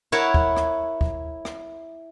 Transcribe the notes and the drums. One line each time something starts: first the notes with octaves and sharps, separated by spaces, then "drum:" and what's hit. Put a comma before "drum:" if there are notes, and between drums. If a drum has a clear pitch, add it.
E4 A#4 C#5 F#5 A5
drum: kick
drum: rim click
drum: kick
drum: rim click